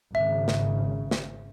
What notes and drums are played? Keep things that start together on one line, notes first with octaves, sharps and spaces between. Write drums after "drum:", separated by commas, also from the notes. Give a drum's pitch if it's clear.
G#1 G#2 C#3 E5
drum: snare
drum: snare